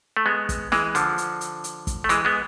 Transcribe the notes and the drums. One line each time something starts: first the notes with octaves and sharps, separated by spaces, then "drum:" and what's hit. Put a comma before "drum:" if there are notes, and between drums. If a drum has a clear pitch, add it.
A3
G#3 B3
drum: kick, hi-hat
E3 G#3, drum: snare
D3 F3, drum: hi-hat
drum: hi-hat
drum: hi-hat
drum: hi-hat
drum: kick, hi-hat
A3
E3 G#3, drum: hi-hat
G#3 B3